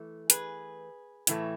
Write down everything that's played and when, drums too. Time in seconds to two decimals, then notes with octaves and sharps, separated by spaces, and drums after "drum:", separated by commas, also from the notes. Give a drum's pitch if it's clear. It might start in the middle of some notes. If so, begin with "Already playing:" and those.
Already playing: E3 A3
0.30 G#4 B4, drum: hi-hat
1.27 A2 E3 A3, drum: hi-hat